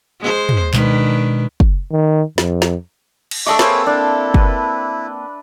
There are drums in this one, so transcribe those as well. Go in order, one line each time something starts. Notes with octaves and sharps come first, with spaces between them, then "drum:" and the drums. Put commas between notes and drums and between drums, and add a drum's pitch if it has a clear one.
G#3 C5
drum: tom
B2 D#3 G#3 D4 B4, drum: clap
drum: kick
D#3
F2, drum: snare
drum: snare
drum: cymbal
A3 D4 D#5 E5 A5 C#6 D6 E6
A#3 C4 G#4 A4 B4 C#5, drum: snare
D4 E4
B4, drum: kick